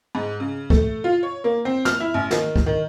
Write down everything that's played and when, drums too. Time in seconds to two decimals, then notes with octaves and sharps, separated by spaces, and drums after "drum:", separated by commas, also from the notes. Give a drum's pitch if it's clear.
0.15 G#2
0.40 C#3
0.70 A3, drum: kick B1
1.04 F4
1.23 C#5
1.44 A#3
1.65 C4
1.85 F6, drum: snare
2.00 E4
2.14 A1
2.31 D#3, drum: snare
2.56 drum: kick B1
2.66 D#3